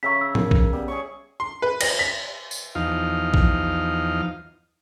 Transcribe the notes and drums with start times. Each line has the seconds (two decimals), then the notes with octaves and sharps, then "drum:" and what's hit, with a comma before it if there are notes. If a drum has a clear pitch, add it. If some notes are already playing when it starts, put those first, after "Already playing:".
0.03 C#3 E5 A#5 C#6 B6
0.21 E6
0.35 A#4, drum: tom
0.51 drum: kick A#1
0.73 G3 B3
0.88 G#4 C#5 C#6
1.40 C6
1.62 B4
1.81 A#6, drum: cymbal
1.99 B6
2.51 drum: tambourine
2.75 E2 F3 D#4 F5
3.34 drum: kick A#1